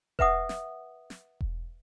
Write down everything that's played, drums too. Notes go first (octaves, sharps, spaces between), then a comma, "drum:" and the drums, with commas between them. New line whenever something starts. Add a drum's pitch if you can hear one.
B4 E5 F#5 D#6, drum: kick E1
drum: snare
drum: snare
drum: kick E1